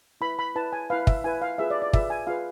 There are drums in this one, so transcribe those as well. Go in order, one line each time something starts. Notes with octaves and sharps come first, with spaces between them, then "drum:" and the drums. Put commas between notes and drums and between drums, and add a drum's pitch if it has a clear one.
E4 B4 B5
B5
E4 B4 A5
G#5
E4 B4 F5
E5, drum: kick
E4 B4 G#5
F5
F4 G#4 B4 E5
D5
D5
F4 G#4 B4 E5, drum: kick
G#5
F4 G#4 B4 F5